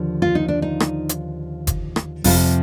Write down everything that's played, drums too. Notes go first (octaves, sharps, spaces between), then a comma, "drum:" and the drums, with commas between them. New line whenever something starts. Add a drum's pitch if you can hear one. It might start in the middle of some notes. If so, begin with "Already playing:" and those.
Already playing: D#2 D3 F3
F4
D#4
D4
D#4
drum: rim click
drum: hi-hat
drum: kick F#1, hi-hat
drum: rim click
F2 C3 F3 F4, drum: kick F#1, open hi-hat